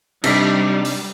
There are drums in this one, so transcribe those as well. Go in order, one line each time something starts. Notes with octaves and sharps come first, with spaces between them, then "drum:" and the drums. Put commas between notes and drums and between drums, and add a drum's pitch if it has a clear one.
C3 G3 D4 D#4, drum: cymbal
drum: open hi-hat